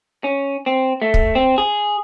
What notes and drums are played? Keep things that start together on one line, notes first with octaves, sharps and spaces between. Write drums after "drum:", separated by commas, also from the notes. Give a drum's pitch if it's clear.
C#4
C4
A3
drum: kick
C4
G#4